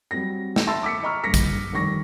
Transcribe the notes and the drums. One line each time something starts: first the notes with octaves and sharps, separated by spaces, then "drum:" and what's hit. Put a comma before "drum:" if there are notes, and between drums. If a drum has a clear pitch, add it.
F#3 G3 C4 A#6
drum: snare
E5 A5 B5 C6 E6 A6
D6 E6 B6 C#7
D#5 A#5 B5 C#6 E6 F6
F#1 G2 A#6 B6 C#7
drum: kick, hi-hat
F1 D#3 G3 C#6 A#6